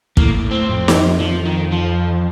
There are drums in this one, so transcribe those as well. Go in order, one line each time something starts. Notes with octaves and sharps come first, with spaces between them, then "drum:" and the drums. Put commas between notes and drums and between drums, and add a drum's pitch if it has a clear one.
A2 A#3, drum: kick
C4
F2
drum: snare
F3
D#3
F3